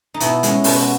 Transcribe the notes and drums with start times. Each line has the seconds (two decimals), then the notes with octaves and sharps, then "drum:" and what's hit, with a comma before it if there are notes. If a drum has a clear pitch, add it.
0.14 D#4
0.20 B2 E4, drum: hi-hat
0.43 G#3 C#4, drum: hi-hat
0.64 B2 F4, drum: open hi-hat
0.76 F#4